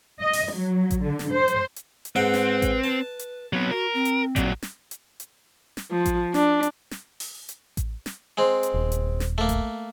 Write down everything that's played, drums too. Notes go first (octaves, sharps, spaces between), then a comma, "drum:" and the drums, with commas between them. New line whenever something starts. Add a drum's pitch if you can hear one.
D#5
drum: open hi-hat
F#3
drum: kick A1, hi-hat
D3
drum: snare
C5
drum: hi-hat
drum: hi-hat
drum: hi-hat
G#2 C4 B4 F#5
drum: snare
drum: kick A1, hi-hat
B4 A5
drum: hi-hat
F#3 B3 C4
F#4 A#4
C4
drum: hi-hat
A#2 F#3, drum: kick A1, hi-hat
drum: snare
drum: hi-hat
drum: hi-hat
drum: snare
F3
drum: kick A1, hi-hat
D4, drum: snare
drum: hi-hat
drum: snare
drum: open hi-hat
drum: hi-hat
drum: kick A1, hi-hat
drum: snare
G#3 C4
drum: hi-hat
D#1
drum: hi-hat
drum: snare
A3 A#3
drum: kick A1, hi-hat